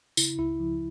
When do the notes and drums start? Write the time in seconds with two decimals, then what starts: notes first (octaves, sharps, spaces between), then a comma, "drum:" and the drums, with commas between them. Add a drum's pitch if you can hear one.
0.17 C#3 E4, drum: tambourine
0.39 C#2 E4
0.60 F3